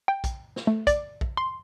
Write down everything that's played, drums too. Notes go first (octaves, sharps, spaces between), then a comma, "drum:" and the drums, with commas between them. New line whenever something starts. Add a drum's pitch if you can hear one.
G5
drum: kick, hi-hat
drum: snare
A3
D5, drum: kick, hi-hat
drum: kick
C6